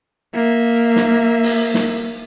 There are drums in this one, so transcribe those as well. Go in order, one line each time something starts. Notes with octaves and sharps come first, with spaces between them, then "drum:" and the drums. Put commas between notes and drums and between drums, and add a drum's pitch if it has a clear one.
A#3 E5
drum: snare
drum: open hi-hat
drum: snare